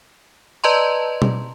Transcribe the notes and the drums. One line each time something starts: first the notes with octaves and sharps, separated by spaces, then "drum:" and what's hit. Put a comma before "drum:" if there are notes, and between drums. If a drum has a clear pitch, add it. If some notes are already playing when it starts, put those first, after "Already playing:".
B4 D5 D#5 A5 A#5 C6
drum: tom B2